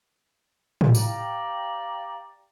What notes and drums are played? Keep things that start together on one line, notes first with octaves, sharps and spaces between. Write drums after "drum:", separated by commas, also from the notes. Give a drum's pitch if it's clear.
drum: tom
G4 D5 F5 G5 A#5, drum: tambourine